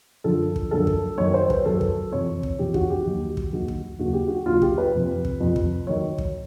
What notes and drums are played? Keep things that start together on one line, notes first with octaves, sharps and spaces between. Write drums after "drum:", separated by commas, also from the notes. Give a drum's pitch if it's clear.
F#2 D3 F3 A4
drum: kick
F#2 D3 F3 A4
drum: kick
F#2 D#3 F#3 C#5
C5
B4, drum: kick
F#2 D#3 F#3 A4
drum: kick
F2 C3 E3 C#5
drum: kick
F2 C3 E3 G4
F#4, drum: kick
G4
D#2 D#3 F#3
drum: kick
D#2 D#3 F#3 F#4
drum: kick
D#2 C#3 F#3 F#4
G4
F#4
D#2 C#3 F#3 F4
G4, drum: kick
B4
F2 C3 F3
drum: kick
F2 C3 F3
drum: kick
D#3 F#3 C#5
drum: kick